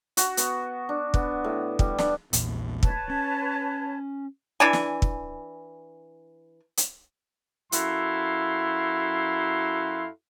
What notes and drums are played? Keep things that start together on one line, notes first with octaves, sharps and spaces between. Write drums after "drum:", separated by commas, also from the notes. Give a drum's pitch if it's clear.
F#4, drum: hi-hat
B3, drum: hi-hat
D4
B3, drum: kick
A2
G3, drum: kick
D4, drum: snare
A#1 E2 A#2, drum: hi-hat
B4 C#5 A5, drum: kick
C#4
E3 D4 G#5
drum: snare
drum: kick
drum: hi-hat
F#2 E4 F#4 A4 F5 C6, drum: hi-hat